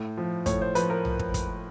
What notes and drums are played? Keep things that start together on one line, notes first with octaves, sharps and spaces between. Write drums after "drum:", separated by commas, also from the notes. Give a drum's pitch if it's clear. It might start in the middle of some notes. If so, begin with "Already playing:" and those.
Already playing: A2
F3
A2 C#5, drum: kick, hi-hat
C5
F3 B4, drum: hi-hat
A#4
drum: tom
drum: kick
drum: kick, hi-hat